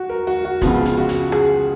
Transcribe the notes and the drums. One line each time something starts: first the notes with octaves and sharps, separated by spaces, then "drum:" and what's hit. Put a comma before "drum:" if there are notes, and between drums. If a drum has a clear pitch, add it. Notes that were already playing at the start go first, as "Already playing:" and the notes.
Already playing: F#4
A#4
F#4
F#4
C#2 C#3 F3 B3 F4, drum: kick, hi-hat
drum: hi-hat
F#4
drum: hi-hat
G#4, drum: rim click